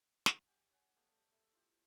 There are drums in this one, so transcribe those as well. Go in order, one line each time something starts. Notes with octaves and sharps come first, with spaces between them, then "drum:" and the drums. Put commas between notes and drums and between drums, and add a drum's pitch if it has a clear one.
drum: snare
G4 F#5 G#5
C#5 F#5 G#5
A3 B3 G4 F5
G3 A4
A4 E5
E4 F4 G4